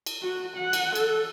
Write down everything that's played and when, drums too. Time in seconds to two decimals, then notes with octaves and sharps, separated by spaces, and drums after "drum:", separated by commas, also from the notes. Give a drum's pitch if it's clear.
0.06 drum: cymbal
0.23 F#4
0.56 F#5
0.73 drum: cymbal
0.95 A4, drum: cymbal